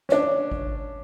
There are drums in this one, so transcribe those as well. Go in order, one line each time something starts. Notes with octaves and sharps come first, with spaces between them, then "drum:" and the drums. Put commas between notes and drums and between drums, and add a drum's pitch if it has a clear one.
C#4 D4, drum: snare
drum: kick G#1